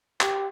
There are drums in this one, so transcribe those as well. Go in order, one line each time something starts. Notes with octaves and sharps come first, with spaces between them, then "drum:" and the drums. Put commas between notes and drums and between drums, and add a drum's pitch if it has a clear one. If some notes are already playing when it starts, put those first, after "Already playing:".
G4, drum: clap